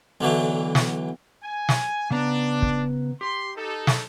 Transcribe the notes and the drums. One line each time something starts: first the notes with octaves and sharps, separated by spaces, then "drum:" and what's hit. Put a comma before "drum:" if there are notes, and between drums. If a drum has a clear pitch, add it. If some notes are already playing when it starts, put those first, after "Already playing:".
B1 D3 E3 F#3
drum: snare
G#5
drum: snare
C#3 B3 D4 A#5
drum: kick
G4 C6
D#4 A4
drum: snare